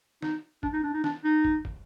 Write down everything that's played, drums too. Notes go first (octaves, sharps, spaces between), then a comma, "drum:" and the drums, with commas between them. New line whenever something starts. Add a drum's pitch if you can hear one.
D#4, drum: snare
D4, drum: kick
D#4
D4
D#4
D4, drum: snare
D#4
drum: kick
drum: kick